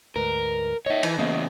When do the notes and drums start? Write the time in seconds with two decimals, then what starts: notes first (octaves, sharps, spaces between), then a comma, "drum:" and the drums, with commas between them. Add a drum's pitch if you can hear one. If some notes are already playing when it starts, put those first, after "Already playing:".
0.16 D2 G#2 A#4 B4
0.86 D#4 C#5 D#5 E5
1.03 E3, drum: cymbal
1.18 E2 C#3 A#3 D#5 E5